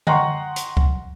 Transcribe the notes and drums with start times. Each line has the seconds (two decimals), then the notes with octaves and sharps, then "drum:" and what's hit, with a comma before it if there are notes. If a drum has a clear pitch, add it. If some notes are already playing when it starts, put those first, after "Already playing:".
0.07 D#5 F#5 G5 A#5 C6 C#6, drum: tom D3
0.56 drum: hi-hat
0.77 drum: kick C#2